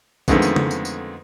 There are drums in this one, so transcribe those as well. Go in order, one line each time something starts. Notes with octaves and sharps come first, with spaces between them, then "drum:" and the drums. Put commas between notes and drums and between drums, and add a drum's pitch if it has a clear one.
F2 D3 D#3 G#3 A3 B3, drum: kick, tambourine
drum: tambourine
drum: tom
drum: tambourine
drum: tambourine